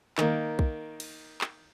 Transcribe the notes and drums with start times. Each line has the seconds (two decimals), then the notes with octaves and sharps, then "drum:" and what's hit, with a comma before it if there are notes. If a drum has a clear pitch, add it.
0.18 D#3 A#3, drum: clap
0.59 drum: kick B1
1.00 drum: cymbal
1.41 drum: clap